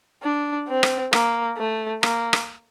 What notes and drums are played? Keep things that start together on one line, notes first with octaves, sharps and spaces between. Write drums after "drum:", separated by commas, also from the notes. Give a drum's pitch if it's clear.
D4
C4
drum: rim click
A#3, drum: rim click
A3
A#3, drum: rim click
drum: rim click